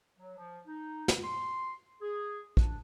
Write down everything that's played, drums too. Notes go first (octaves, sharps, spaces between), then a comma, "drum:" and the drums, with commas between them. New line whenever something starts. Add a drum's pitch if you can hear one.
F#3
F3
D#4
drum: snare
C6
G#4
D4, drum: kick